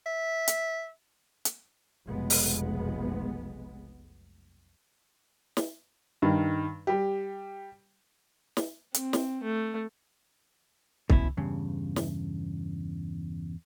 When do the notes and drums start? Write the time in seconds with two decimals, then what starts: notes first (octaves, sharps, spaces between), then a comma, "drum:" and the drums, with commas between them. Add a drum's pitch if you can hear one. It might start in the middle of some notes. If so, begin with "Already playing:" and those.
0.06 E5
0.48 drum: hi-hat
1.45 drum: hi-hat
2.07 F1 B1 G#3 B3
2.30 drum: open hi-hat
5.57 drum: snare
6.22 G2 D#3
6.87 G3 G4
8.57 drum: snare
8.94 C4, drum: hi-hat
9.13 drum: snare
9.44 A3
11.10 B2 C#4 E4, drum: kick C2
11.37 E2 G2 C#3
11.96 drum: snare